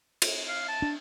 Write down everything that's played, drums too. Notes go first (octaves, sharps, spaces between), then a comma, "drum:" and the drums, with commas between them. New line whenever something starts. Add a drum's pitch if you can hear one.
drum: cymbal
F5
A5
D4